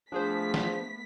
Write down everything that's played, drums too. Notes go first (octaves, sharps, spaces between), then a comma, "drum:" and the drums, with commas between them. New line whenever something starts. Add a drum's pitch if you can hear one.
F3 A3 B3 D4 G#4 C5 B6
drum: snare